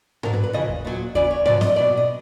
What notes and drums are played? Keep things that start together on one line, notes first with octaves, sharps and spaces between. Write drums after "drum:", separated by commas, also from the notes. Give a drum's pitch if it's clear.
F2 D3 F#3 A#4, drum: tom G#2
B4
B4
F2 C#3 E3 D#5
drum: kick D#2
A#2 F#3
E2 C#3 E3 D5, drum: kick D#2
C#5
F#2 C#3 F3 D5, drum: tom G#2
D#5, drum: snare
E2 B2 F#3 D5
D#5